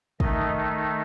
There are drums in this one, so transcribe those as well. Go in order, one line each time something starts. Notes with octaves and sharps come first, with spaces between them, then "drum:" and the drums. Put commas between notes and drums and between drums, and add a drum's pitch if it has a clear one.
D#3 A3 D#4 D#5, drum: kick